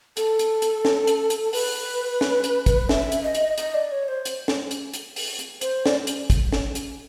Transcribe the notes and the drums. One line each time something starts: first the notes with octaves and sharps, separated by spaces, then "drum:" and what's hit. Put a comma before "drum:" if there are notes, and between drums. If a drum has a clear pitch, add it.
A4, drum: hi-hat
drum: hi-hat
drum: hi-hat
drum: snare
drum: hi-hat
drum: hi-hat
B4, drum: open hi-hat
drum: snare
drum: hi-hat
drum: kick, hi-hat
E5, drum: snare
drum: hi-hat
D#5
drum: hi-hat
D#5, drum: hi-hat
D5
C#5
C5
drum: hi-hat
drum: snare
drum: hi-hat
drum: hi-hat
drum: open hi-hat
drum: hi-hat
C5, drum: hi-hat
D5, drum: snare
drum: hi-hat
drum: kick, hi-hat
drum: snare
drum: hi-hat